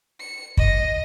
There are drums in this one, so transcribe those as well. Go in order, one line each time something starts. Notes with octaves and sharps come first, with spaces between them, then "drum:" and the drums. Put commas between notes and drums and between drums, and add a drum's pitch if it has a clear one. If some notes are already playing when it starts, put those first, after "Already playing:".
C#7
D#5, drum: kick